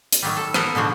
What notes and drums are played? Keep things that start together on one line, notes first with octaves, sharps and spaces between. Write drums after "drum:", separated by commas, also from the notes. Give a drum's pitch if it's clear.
drum: hi-hat
D#3 F#3 G3
A4
B3 A4 A#4 C5, drum: rim click
B2 D3 F3 F#4 G#4